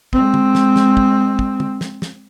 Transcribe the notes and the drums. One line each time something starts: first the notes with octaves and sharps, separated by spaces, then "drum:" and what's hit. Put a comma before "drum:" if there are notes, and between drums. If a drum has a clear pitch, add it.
G#3 C4, drum: kick
drum: tom
drum: snare
drum: snare
drum: kick
drum: kick
drum: tom
drum: snare
drum: snare